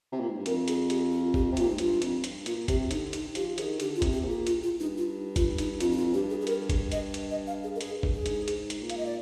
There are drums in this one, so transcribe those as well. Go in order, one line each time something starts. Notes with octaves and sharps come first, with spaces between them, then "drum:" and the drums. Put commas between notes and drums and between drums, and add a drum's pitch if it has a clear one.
C3
A#2
G#2
G2
F2 A#4, drum: hi-hat
G#4, drum: hi-hat
G4, drum: hi-hat
F4
G4, drum: kick G#1
C3
A#2 F4, drum: hi-hat
G#2 D#4
G2 F4, drum: hi-hat
F2, drum: hi-hat
G2, drum: hi-hat
A#2 F4, drum: hi-hat
C3 G4, drum: kick G#1, hi-hat
D3 D#4, drum: hi-hat
D#4, drum: hi-hat
F3 G4, drum: hi-hat
D#3 G#4, drum: hi-hat
D3 G4, drum: hi-hat
F4
C3, drum: kick G#1, hi-hat
G4
A#2
G#4
F4, drum: hi-hat
F4
G2 D#4
F4
F4, drum: kick G#1, hi-hat
D#4, drum: hi-hat
F2 F4, drum: hi-hat
D#4
F4
G2 G4
G#4
G#4
A#4, drum: hi-hat
drum: kick G#1, hi-hat
D#5, drum: hi-hat
drum: hi-hat
D#5
F5
G#4
A#4
G2 G#4, drum: hi-hat
G2, drum: kick G#1
G#4
G#2, drum: hi-hat
G#2, drum: hi-hat
drum: hi-hat
A#2
F5, drum: hi-hat
D#5
D5